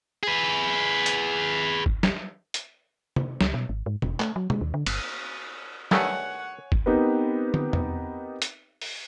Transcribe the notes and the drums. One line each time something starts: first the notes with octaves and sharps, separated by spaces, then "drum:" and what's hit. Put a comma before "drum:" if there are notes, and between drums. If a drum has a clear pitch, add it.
G#4 B4
drum: hi-hat
drum: kick G1
drum: snare
drum: hi-hat
drum: tom C3
C#2, drum: snare
B2
G#1
G#2
E1, drum: tom B2
A3, drum: clap
F#3
G#3, drum: tom B2
D#2
D3
G1, drum: cymbal
G2 D#3 A3 C#5 F#5 G#5 C#6, drum: snare
drum: kick G1
B3 C4 D#4 G4 A#4 B4
drum: tom
drum: tom E2
drum: hi-hat
drum: open hi-hat